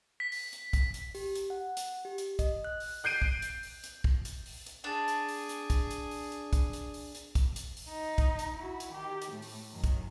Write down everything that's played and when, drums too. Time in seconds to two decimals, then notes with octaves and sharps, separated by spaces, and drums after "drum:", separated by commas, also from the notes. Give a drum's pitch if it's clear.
0.20 B6
0.32 drum: open hi-hat
0.53 drum: hi-hat
0.73 drum: kick, hi-hat
0.94 drum: hi-hat
1.15 G4, drum: open hi-hat
1.35 drum: hi-hat
1.50 F#5
1.77 drum: hi-hat
2.05 G4
2.18 drum: hi-hat
2.39 D#5, drum: kick, hi-hat
2.64 F#6
2.80 drum: open hi-hat
3.04 F#6 G6 C7 D7 D#7
3.22 drum: kick
3.42 drum: hi-hat
3.63 drum: open hi-hat
3.84 drum: hi-hat
4.04 drum: kick
4.25 drum: hi-hat
4.46 drum: open hi-hat
4.66 drum: hi-hat
4.84 D4 G#4
5.08 drum: hi-hat
5.28 drum: open hi-hat
5.49 drum: hi-hat
5.70 drum: kick, hi-hat
5.91 drum: hi-hat
6.11 drum: open hi-hat
6.32 drum: hi-hat
6.53 drum: kick, hi-hat
6.73 drum: hi-hat
6.94 drum: open hi-hat
7.15 drum: hi-hat
7.35 drum: kick, hi-hat
7.56 drum: hi-hat
7.77 drum: open hi-hat
7.89 D#4
8.18 drum: kick, hi-hat
8.39 drum: hi-hat
8.56 E4 F#4
8.80 drum: hi-hat
8.93 D#3 G4
9.22 drum: hi-hat
9.31 A2 A3
9.42 drum: open hi-hat
9.70 F#2 D#3
9.84 drum: kick, hi-hat